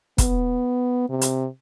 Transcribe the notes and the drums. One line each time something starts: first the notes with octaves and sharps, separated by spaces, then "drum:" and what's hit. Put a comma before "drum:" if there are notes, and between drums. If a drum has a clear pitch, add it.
B3, drum: kick, hi-hat
C3
drum: hi-hat